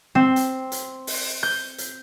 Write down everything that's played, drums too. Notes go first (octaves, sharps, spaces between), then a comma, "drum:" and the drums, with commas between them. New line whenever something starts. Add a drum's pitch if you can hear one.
C4
drum: hi-hat
drum: hi-hat
drum: open hi-hat
G6
drum: hi-hat